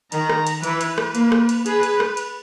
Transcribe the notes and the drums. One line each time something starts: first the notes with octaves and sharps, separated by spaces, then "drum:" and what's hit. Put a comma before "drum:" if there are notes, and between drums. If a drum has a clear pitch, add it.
D#3 A#5, drum: cymbal
drum: rim click
drum: cymbal
E3 B4, drum: cymbal
drum: cymbal
drum: rim click
A#3, drum: cymbal
drum: rim click
drum: cymbal
G#4 B4, drum: cymbal
drum: cymbal
drum: rim click
drum: cymbal